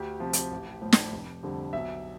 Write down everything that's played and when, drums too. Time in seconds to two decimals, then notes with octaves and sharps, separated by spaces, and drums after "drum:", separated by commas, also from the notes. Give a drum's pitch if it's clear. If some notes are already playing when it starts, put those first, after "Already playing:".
Already playing: D2 G4
0.20 C3 F3
0.33 drum: hi-hat
0.51 A1
0.82 A2 F3
0.93 drum: snare
1.12 F1
1.43 F2 D3 G3
1.73 B1 E5